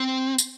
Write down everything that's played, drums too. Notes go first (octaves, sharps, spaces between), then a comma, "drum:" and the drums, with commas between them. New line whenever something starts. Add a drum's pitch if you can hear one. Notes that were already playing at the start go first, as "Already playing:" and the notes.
Already playing: C4
drum: tambourine